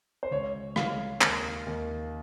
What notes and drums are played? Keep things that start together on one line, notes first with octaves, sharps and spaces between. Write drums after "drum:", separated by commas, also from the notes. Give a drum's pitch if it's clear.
C5
C#2 C#5
C#2 F5, drum: rim click
D#2, drum: clap
D#2